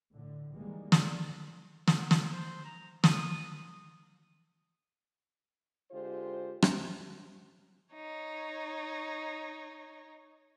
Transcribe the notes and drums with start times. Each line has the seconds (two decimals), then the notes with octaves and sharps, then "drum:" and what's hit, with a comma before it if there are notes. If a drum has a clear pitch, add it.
0.12 A2 D3
0.54 D#3 E3 G3 G#3 A#3
0.92 D3, drum: snare
1.87 B3, drum: snare
2.11 drum: snare
2.32 C5
2.64 A#5
3.04 D#6, drum: snare
5.91 D3 G#3 F4 G4 C5
6.62 drum: rim click
7.94 D#4 C#5